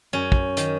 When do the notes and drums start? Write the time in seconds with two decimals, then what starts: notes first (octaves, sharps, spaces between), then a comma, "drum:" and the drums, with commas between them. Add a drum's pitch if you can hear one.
0.13 F#2 C#4
0.32 drum: kick
0.57 D#3, drum: hi-hat